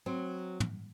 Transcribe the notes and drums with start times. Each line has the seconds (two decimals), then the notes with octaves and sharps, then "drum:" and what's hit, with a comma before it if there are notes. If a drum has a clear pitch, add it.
0.06 F#3 C4
0.60 drum: tom